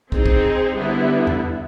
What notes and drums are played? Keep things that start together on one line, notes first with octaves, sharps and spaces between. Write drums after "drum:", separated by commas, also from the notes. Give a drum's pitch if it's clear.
C4 D#4 G#4, drum: kick
drum: kick
D3 G3 B3 E4
drum: tom E2